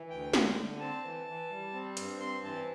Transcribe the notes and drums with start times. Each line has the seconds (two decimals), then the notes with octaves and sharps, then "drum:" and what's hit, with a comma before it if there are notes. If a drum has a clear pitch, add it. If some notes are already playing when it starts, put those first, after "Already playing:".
Already playing: E3
0.10 D2 G5
0.33 D3, drum: snare
0.58 D3
0.80 C4 A5
1.04 E3
1.27 E3
1.50 G3
1.74 C4
1.97 G2, drum: hi-hat
2.20 C4 C6
2.44 E3 A5